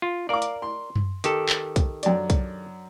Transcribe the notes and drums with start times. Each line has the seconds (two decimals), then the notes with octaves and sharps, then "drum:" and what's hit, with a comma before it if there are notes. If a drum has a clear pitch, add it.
0.02 F4
0.29 A#4 D5 F5 D6
0.42 drum: hi-hat
0.62 C6
0.96 drum: tom F#2
1.24 D#3 G4 A4, drum: hi-hat
1.49 drum: clap
1.76 drum: kick, hi-hat
2.03 F#2 D4 D5, drum: hi-hat
2.30 drum: kick, hi-hat